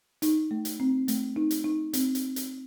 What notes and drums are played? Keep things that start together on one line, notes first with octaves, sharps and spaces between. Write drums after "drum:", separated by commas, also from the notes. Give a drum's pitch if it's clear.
D#4, drum: hi-hat
A3
drum: hi-hat
C4
A3, drum: hi-hat
D#4
drum: hi-hat
D#4
C4, drum: hi-hat
drum: hi-hat
drum: hi-hat